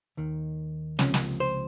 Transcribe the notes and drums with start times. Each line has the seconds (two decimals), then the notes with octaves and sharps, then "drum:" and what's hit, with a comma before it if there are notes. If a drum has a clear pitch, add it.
0.17 D#2 D#3
0.99 C#2 C3 F3 C#4, drum: snare
1.14 drum: snare
1.40 C5